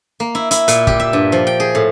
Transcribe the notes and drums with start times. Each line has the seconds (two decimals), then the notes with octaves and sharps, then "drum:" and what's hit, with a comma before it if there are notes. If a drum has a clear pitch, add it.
0.20 A#3
0.35 E4
0.51 E4, drum: hi-hat
0.68 A#2, drum: hi-hat
0.87 G4, drum: kick
1.00 E5
1.13 G2
1.32 F3
1.47 G5
1.60 G#4
1.75 A2